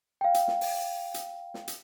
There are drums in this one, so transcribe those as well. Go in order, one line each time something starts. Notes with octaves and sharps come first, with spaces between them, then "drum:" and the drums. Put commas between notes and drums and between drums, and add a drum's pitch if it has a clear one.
F5 G5
drum: hi-hat
drum: snare
drum: open hi-hat
drum: hi-hat
drum: snare
drum: hi-hat